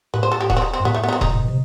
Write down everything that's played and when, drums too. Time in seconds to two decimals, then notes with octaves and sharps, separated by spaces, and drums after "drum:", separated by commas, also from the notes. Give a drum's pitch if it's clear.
0.14 A2 B4
0.23 C5
0.32 A4
0.41 G4
0.50 F#4, drum: kick D#1
0.57 C4
0.62 D#4
0.73 C4
0.80 G2
0.85 A2 B3
0.95 A3
1.03 B3
1.08 D#4
1.13 C4
1.21 B2 D#4, drum: kick D#1
1.30 A2
1.40 B2
1.48 C3